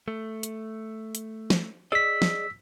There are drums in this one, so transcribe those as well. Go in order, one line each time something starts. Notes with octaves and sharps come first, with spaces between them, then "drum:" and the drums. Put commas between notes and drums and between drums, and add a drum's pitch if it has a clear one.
A3
drum: hi-hat
drum: hi-hat
drum: snare
G#4 D5 D#5 E6 B6
drum: snare